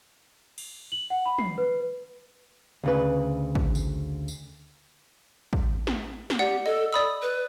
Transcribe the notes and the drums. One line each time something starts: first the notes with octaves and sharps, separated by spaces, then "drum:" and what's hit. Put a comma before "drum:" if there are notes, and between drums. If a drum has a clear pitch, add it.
drum: cymbal
F#7
F#5
B5
C7, drum: tom
B4
D2 C#3 B4
drum: kick
drum: tambourine
drum: tambourine
drum: kick
drum: snare
drum: snare
G4 D5 F#5
A4 D#5
D5 B5 D#6 E6
B4